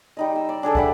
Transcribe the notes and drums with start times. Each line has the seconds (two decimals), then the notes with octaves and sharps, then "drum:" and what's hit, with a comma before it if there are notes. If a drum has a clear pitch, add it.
0.17 G3 D#4 D#5
0.36 E6
0.49 D5
0.63 D4 G#4 A4 D5
0.75 G3 E5 F#5, drum: kick